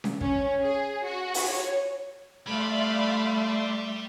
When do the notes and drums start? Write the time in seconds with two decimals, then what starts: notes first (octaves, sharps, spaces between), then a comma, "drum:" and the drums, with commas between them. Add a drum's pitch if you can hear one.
0.04 drum: snare C#4
0.21 C#4, drum: kick
0.62 G#4
1.05 F#4
1.34 drum: open hi-hat
1.49 C#5
2.47 G3 A3 D5 E5 F5 B5 C6